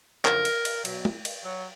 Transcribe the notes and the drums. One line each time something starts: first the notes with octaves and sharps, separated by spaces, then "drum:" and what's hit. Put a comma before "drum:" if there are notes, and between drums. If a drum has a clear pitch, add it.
F#2 D3 F3 A#4, drum: clap
drum: cymbal
drum: cymbal
B2 F#3, drum: cymbal
drum: tom
drum: cymbal
F#3